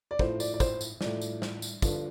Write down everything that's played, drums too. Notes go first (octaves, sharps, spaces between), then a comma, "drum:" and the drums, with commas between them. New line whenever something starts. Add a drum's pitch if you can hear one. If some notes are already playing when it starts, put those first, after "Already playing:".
D5
A2 F3 C5, drum: kick
D5, drum: tambourine
D5
C5, drum: kick, tambourine
drum: tambourine
A2 F3 D5, drum: snare
drum: tambourine
drum: snare
drum: tambourine
G2 D3 F3, drum: kick, tambourine